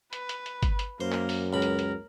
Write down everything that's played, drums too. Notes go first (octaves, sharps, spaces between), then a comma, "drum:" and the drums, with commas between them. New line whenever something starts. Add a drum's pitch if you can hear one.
B4, drum: hi-hat
drum: hi-hat
drum: hi-hat
drum: kick G1, hi-hat
drum: hi-hat
F#2 A#3 C5
drum: clap
drum: open hi-hat
C#2 A#4 B5
drum: hi-hat
drum: hi-hat